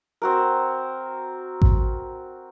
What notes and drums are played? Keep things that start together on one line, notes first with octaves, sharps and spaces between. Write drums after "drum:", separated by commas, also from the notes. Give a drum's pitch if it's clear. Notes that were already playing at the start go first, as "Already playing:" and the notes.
C4 F#4 A#4
drum: kick A1